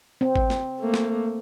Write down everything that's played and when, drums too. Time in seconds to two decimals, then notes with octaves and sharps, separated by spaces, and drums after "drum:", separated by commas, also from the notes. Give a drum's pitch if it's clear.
0.21 C4
0.36 drum: kick G#1
0.50 drum: snare
0.80 A3 A#3
0.94 drum: snare